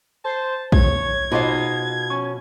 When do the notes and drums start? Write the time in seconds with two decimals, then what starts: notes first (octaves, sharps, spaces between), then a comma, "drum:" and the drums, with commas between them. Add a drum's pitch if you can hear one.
0.25 C5 A5
0.72 C#5 G#6, drum: kick A#1
1.32 B2 D#4 F4 G#4 C5 D#5 F5
2.10 C#4 C#6